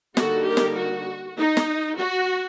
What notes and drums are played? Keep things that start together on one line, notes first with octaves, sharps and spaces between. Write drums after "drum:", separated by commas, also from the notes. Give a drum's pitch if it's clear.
D3 G3 A#3 D#4 F#4 A4, drum: snare
G4 A#4
drum: snare
F#4
D#4
drum: snare
F#4